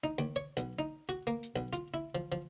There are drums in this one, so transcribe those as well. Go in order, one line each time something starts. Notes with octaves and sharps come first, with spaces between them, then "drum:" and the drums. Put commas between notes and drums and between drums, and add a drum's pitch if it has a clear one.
D#4
D#2
C#5
B1, drum: hi-hat
D#4
F#4
A#3
drum: hi-hat
B1
F4, drum: hi-hat
E4
F3
F3